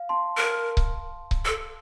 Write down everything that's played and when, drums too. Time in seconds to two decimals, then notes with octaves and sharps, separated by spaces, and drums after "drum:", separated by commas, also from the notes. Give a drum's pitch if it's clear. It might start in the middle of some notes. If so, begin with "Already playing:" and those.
Already playing: F5
0.09 A5 C6
0.37 A#4
0.77 drum: kick C#1
1.31 drum: kick C#1
1.45 A4